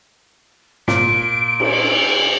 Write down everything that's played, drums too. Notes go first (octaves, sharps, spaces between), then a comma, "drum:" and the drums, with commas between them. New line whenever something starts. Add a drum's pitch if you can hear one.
A#2 D7, drum: snare
drum: cymbal